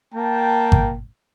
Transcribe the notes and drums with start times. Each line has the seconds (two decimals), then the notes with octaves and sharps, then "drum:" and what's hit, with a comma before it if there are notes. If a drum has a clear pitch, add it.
0.14 A#3 G5 A5
0.72 drum: kick G#1